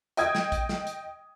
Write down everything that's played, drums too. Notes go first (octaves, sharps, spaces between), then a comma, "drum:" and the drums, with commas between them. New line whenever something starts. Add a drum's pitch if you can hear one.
D#5 G5 D#6 G#6, drum: hi-hat
drum: snare
drum: kick, hi-hat
drum: snare
drum: hi-hat